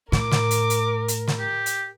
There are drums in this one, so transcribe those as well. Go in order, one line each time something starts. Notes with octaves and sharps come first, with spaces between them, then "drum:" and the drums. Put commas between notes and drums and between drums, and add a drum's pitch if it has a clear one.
A2 A#4 D6, drum: snare
drum: snare
drum: hi-hat
drum: hi-hat
drum: hi-hat
drum: snare
G4
drum: hi-hat